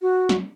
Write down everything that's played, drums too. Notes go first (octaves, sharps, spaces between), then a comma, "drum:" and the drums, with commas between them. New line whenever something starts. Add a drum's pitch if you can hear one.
F#4
drum: snare